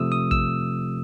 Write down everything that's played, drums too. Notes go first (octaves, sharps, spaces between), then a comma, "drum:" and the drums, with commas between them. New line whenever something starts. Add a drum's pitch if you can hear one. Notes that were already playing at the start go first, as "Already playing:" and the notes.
Already playing: C3 F3 A3 D#6 E6
D#6
E6, drum: kick